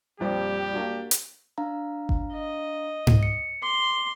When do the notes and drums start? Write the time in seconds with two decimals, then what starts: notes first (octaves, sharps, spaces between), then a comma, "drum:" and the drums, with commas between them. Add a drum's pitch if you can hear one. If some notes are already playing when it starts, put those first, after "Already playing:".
0.20 A#1 F2 G3 G4 C5
0.73 A#3 D4 F#4
1.11 drum: hi-hat
1.58 D4 F5 A#5
2.09 drum: kick G1
2.33 D#5
3.07 drum: tom G#2
3.23 C#7
3.63 C6 D6